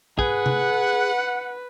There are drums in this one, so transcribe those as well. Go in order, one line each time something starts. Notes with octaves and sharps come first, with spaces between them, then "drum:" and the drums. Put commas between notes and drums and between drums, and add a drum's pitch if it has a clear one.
G#4 B4 F#5, drum: kick
drum: tom C3